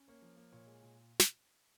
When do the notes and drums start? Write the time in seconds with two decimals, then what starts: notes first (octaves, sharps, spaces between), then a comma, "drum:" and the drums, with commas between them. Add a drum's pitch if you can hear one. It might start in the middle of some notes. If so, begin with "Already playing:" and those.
Already playing: C#4
0.08 A#3 C#5
0.22 F3
0.37 A#3
0.52 A#2 C#5
0.67 G#3
0.82 A#2
1.20 drum: snare